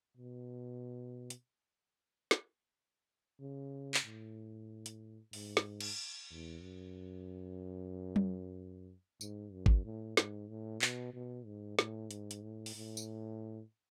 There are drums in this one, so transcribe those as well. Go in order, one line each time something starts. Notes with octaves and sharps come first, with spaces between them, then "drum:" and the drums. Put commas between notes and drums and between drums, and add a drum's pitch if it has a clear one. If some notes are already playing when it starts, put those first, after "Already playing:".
B2
drum: hi-hat
drum: snare
C#3
drum: clap
A2
drum: hi-hat
G#2, drum: open hi-hat
drum: snare
drum: cymbal
E2
F#2
drum: tom F#3
G#2, drum: tambourine
F#2
drum: kick
A2
G#2, drum: snare
A2
B2, drum: clap
B2
G#2
A2, drum: snare
G#2, drum: hi-hat
drum: hi-hat
A2
drum: open hi-hat
A2
drum: tambourine